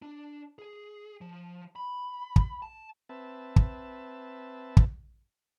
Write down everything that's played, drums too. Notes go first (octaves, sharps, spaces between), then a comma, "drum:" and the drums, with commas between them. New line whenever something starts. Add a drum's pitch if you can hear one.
D4
G#4
F3
B5
drum: kick
A5
C4 B4 E5 A5
drum: kick
drum: kick